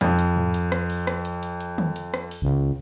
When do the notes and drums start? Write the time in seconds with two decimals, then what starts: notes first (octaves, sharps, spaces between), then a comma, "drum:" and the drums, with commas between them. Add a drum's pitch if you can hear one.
0.01 F2, drum: hi-hat
0.19 drum: hi-hat
0.36 drum: tom G#2
0.54 drum: hi-hat
0.72 drum: rim click
0.90 drum: open hi-hat
1.07 drum: rim click
1.25 drum: hi-hat
1.43 drum: hi-hat
1.60 drum: hi-hat
1.78 drum: tom
1.96 drum: hi-hat
2.14 drum: rim click
2.31 drum: open hi-hat
2.42 C#2